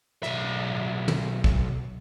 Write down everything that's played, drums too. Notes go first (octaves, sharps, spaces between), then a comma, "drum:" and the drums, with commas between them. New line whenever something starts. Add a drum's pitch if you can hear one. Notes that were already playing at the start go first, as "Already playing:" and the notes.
B1 E5, drum: rim click
drum: tom
drum: kick A1